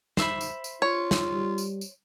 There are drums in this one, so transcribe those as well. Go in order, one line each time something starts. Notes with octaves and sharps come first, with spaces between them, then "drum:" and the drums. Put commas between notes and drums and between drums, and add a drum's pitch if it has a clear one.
C5 E5 B5, drum: snare
drum: tambourine
drum: tambourine
F4 C#5
drum: snare
G3
drum: tambourine
drum: tambourine